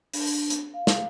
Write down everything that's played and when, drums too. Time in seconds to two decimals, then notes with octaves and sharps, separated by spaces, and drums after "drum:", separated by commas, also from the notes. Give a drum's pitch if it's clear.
0.13 D4, drum: open hi-hat
0.50 drum: hi-hat
0.74 F5
0.87 drum: snare